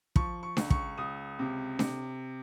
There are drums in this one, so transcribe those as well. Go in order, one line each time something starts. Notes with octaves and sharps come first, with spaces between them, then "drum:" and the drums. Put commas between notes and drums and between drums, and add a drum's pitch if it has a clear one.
F3 C#6, drum: kick
C#6
C#2, drum: snare D4
C#6, drum: kick
C#2 D#6
C3
C3, drum: snare D4